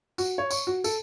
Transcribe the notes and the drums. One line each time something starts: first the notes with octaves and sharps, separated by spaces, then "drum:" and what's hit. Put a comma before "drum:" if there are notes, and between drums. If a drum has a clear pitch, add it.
F#4, drum: tambourine
C#5
C#6, drum: tambourine
F#4
A4, drum: tambourine